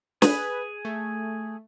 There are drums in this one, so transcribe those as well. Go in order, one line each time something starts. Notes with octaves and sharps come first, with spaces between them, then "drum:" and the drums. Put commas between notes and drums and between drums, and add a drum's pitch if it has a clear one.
G#4 B4, drum: snare
A3